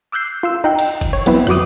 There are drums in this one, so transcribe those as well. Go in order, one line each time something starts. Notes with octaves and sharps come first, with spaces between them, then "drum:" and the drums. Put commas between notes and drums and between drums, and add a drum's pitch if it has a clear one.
D6 E6 F#6 G6 C7
F4 C6 E6
D#4 F#5 G5
drum: cymbal
drum: kick F#1, cymbal
C#5
F#3 B3 C4 E4 B4, drum: cymbal
F2 F#3 F#4 D6 D#6, drum: rim click